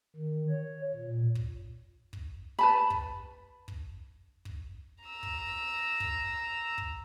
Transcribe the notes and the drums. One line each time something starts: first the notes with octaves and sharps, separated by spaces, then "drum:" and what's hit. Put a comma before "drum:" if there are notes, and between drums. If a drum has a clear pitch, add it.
D#3
C#5
A#2
drum: kick
drum: kick
B4 A5 B5
drum: kick
drum: kick
drum: kick
A#5 E6
drum: kick
drum: kick
drum: kick